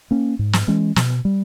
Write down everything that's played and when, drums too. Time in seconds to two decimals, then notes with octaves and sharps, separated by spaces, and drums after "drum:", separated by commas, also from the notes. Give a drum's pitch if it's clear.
0.11 A#3 C#4
0.39 G#2
0.53 drum: snare
0.68 E3 G#3 C#4
0.96 B2, drum: snare
1.25 G3